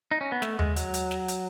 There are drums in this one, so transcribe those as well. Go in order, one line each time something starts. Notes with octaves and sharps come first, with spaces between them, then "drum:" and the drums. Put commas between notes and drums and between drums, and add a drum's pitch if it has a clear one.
D#4
C#4
B3
A3, drum: snare
G#3, drum: tom D#2
F#3, drum: hi-hat
drum: hi-hat
drum: snare
drum: hi-hat